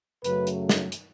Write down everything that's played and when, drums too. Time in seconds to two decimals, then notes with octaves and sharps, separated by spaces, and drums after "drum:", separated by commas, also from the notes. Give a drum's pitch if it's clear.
0.24 F#2 C#3 F#3 A3 B4, drum: hi-hat
0.47 drum: hi-hat
0.69 drum: snare
0.92 drum: hi-hat